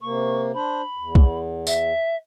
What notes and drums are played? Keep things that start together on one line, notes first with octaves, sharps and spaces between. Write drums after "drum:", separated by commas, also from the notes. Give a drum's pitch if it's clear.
C3 A#3 C#6
D4 C5 B5
E2
drum: kick
E5, drum: tambourine